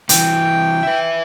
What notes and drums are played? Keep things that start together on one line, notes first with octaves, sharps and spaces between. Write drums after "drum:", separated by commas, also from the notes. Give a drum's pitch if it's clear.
C2 E3 G5, drum: hi-hat
B4 E5